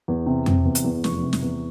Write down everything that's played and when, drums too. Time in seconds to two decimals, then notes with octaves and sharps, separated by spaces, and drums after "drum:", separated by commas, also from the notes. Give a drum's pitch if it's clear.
0.08 E2
0.26 C3
0.46 C3, drum: tom F2
0.65 E2
0.75 drum: hi-hat
0.84 E2
1.04 F1 C#6, drum: snare
1.23 C3
1.33 drum: snare
1.42 E2